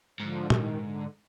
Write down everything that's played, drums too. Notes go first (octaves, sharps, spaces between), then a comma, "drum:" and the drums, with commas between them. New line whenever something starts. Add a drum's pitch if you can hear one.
G#2 D3 F3
D#3, drum: tom
D3